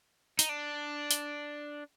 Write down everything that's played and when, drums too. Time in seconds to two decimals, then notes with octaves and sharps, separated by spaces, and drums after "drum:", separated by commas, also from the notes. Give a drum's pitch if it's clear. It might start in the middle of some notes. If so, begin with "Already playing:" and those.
0.39 D#4, drum: hi-hat
0.49 D4
1.11 drum: hi-hat